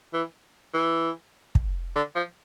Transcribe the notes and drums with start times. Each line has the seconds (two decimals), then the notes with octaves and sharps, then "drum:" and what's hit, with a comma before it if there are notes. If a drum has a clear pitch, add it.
0.14 E3
0.74 E3
1.55 drum: kick
1.96 D3
2.16 F3